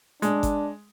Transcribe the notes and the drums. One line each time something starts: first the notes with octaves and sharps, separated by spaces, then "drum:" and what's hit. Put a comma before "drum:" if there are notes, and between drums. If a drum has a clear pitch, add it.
G#3 D4, drum: hi-hat
drum: kick G1, hi-hat